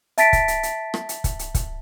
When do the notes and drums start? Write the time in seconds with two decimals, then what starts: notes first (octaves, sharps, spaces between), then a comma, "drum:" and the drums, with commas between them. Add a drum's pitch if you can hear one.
0.18 E5 A5 A6 B6 D7, drum: hi-hat
0.33 drum: kick, hi-hat
0.48 drum: hi-hat
0.63 drum: hi-hat
0.94 drum: rim click
1.09 drum: hi-hat
1.24 drum: kick, hi-hat
1.39 drum: hi-hat
1.55 drum: kick, hi-hat